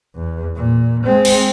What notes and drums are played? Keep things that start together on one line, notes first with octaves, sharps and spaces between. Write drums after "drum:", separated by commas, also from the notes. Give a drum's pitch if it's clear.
E2
A#2
G#3 C4
drum: cymbal